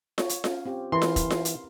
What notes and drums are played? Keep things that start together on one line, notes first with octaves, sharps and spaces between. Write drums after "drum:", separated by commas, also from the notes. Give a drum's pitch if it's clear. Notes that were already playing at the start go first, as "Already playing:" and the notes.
C#5, drum: snare F4
drum: hi-hat
C#4 F5, drum: snare F4
C4 F4 G4
E3 E4 A#4 B4 C6
drum: snare F4
drum: kick, hi-hat
drum: snare F4
drum: hi-hat